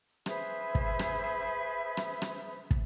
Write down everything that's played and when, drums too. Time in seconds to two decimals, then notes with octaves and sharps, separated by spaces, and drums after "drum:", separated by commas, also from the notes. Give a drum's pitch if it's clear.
0.26 G#4 B4 C5 E5, drum: rim click
0.75 drum: kick
0.99 drum: rim click
1.97 drum: rim click
2.22 drum: rim click
2.71 drum: kick